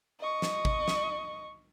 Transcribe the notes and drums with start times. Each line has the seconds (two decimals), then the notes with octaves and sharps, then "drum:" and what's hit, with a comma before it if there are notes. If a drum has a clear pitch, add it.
0.20 D#5 C#6
0.42 drum: snare
0.65 drum: kick G#1
0.88 drum: snare